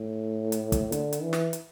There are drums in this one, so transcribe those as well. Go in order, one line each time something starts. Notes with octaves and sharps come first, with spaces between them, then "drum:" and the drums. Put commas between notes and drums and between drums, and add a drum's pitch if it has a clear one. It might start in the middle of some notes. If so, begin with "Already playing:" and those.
Already playing: A2
drum: hi-hat
drum: kick, hi-hat
D3, drum: hi-hat
drum: hi-hat
E3
drum: snare
drum: hi-hat